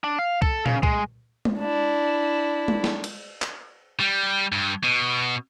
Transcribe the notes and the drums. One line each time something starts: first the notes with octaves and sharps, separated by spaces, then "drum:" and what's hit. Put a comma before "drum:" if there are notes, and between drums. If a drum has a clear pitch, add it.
D4
F5
A4, drum: kick C2
C#3, drum: tom A#2
G#3, drum: kick C2
drum: tom G#3
D4 E4
drum: tom G#3
drum: snare
drum: cymbal
drum: clap
G3
G2
B2